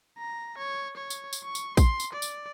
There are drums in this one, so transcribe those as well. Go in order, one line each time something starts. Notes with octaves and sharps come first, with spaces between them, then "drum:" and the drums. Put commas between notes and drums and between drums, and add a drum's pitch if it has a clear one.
A#5
C#5
C#5
drum: tambourine
drum: tambourine
C#6
drum: tambourine
C6, drum: kick, tambourine
drum: tambourine
D5
drum: tambourine